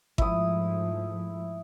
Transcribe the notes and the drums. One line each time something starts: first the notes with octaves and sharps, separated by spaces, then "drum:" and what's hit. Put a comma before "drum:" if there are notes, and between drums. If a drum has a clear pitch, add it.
G#2 F3 A3 E4 D#6, drum: kick G#1